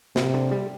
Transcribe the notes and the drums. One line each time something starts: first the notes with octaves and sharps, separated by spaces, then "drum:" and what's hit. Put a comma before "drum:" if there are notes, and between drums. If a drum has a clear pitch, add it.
A2 C3, drum: snare
D3
G3